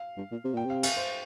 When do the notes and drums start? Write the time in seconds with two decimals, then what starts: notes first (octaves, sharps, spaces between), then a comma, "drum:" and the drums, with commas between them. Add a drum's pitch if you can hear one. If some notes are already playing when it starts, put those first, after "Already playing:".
Already playing: F5
0.17 G2
0.31 A#2
0.44 C3
0.54 A#2 G5
0.65 C3 F5
0.83 F5, drum: cymbal
0.97 C5